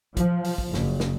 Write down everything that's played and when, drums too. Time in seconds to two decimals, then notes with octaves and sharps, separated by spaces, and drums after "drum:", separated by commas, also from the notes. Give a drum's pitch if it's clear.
0.17 F3, drum: kick, hi-hat
0.44 drum: open hi-hat
0.58 drum: kick
0.74 F#1, drum: snare
1.00 drum: snare